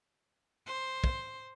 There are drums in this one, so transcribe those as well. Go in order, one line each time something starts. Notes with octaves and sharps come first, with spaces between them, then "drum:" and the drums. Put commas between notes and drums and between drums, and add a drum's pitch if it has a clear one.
C5
drum: kick